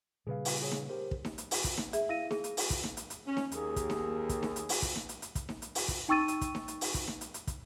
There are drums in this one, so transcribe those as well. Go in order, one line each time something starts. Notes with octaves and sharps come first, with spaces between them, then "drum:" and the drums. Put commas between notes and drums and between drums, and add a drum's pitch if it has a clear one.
A#2 C#3 G3 G#4 B4 F5
drum: open hi-hat
G#4 C#5
drum: snare D#4
G4 A#4 C5
drum: kick
drum: snare D#4
drum: hi-hat
drum: open hi-hat
drum: kick, hi-hat
drum: snare D#4
G#4 E5, drum: hi-hat
E4 F5 A#6 D#7
G#4, drum: snare D#4
drum: hi-hat
drum: open hi-hat
drum: kick, hi-hat
drum: snare D#4
drum: hi-hat
drum: hi-hat
C#4
drum: snare D#4
D#2 G#4, drum: hi-hat
drum: kick, hi-hat
drum: snare D#4
drum: kick, hi-hat
drum: snare D#4
drum: hi-hat
drum: open hi-hat
drum: kick, hi-hat
drum: snare D#4
drum: hi-hat
drum: hi-hat
drum: kick, hi-hat
drum: snare D#4
drum: hi-hat
drum: open hi-hat
drum: kick, hi-hat
D#4 G5 C#6 E6 A6 D#7
drum: hi-hat
drum: kick, hi-hat
drum: snare D#4
drum: hi-hat
drum: open hi-hat
drum: kick, hi-hat
drum: snare D#4
drum: hi-hat
drum: hi-hat
drum: kick, hi-hat